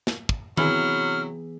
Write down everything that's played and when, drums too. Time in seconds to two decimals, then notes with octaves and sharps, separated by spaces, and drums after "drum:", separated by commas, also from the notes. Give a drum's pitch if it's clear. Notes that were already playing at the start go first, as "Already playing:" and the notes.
0.07 drum: snare
0.29 drum: kick
0.57 C3 E3 F#3 B3 E4 G#4 B5 F6, drum: tom D#3